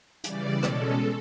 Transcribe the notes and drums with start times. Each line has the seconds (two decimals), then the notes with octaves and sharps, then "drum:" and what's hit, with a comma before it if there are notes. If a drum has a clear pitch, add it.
0.24 C#3 E3 G3 D5, drum: hi-hat
0.63 B2 G#3 C#4 A4, drum: rim click